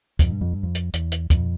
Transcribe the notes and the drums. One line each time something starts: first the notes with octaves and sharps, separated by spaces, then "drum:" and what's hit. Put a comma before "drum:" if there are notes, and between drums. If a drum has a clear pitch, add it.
F2, drum: kick, hi-hat
G2
F2
G2
F2
drum: hi-hat
E2, drum: hi-hat
drum: hi-hat
F2, drum: kick, hi-hat